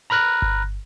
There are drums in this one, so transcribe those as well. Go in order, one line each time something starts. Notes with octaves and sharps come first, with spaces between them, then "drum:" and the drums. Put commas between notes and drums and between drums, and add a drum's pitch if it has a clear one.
A#5 B5 F6 F#6 A#6
drum: kick G1